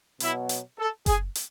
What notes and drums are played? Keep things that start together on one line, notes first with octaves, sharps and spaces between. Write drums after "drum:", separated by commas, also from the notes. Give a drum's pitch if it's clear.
B2 F#3 B3 E4, drum: hi-hat
drum: hi-hat
A4
G#4, drum: kick F#1, hi-hat
drum: hi-hat